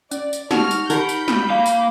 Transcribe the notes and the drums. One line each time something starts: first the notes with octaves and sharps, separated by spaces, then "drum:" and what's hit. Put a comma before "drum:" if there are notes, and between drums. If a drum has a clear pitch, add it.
C#4 D5, drum: tambourine
drum: tambourine
D#4 F#4 G4 F6, drum: snare
drum: tambourine
D#4 F#4 G4 A#4 F#5 B5 G6, drum: tambourine
drum: tambourine
drum: snare
A#3 F5
drum: tambourine